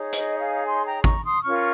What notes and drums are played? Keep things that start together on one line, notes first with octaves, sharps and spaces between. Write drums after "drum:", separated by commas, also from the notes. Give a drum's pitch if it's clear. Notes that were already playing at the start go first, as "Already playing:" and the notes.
Already playing: D#4 G#4 C#5
D#5, drum: hi-hat
F5 G#5
G#5 C6
G5 A#5
A#5 C#6, drum: kick
C6 D#6
C#4 F4 A#4 C#6 F6